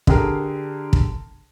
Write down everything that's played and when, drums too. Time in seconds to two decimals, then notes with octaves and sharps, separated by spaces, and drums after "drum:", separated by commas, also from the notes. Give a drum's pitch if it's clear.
0.07 D3 G4 G#4 A#4, drum: kick
0.93 drum: kick